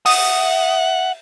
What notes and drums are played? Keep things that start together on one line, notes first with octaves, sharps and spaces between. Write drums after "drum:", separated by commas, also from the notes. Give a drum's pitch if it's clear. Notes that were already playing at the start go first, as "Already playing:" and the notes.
E5 F#5 D#6, drum: open hi-hat